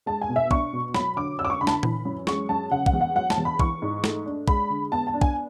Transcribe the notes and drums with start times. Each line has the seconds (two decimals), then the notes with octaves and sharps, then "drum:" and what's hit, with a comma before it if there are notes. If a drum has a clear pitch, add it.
0.06 G#3 A5
0.21 G#5
0.29 B2
0.36 E5
0.51 D4 C#6, drum: kick
0.73 B2
0.95 F#3 B5, drum: snare
1.16 D3 D6
1.39 C#4 E6
1.45 D6
1.50 C#6
1.61 D3 B5
1.67 A5, drum: snare
1.72 B5
1.83 E3, drum: tom A#2
2.05 F#2
2.27 G#3 C#6, drum: snare
2.49 F#2 A5
2.71 C#3 F#5
2.86 F#5, drum: kick
2.93 E2
3.01 F#5
3.15 F#3 F#5
3.30 A5, drum: snare
3.38 E2
3.45 B5
3.59 E3 C#6, drum: kick
3.82 G#2
4.04 A3, drum: snare
4.26 D4
4.48 G#3 B5, drum: kick
4.70 D3
4.92 B3 A5
5.07 A5
5.14 D4
5.21 G#5, drum: kick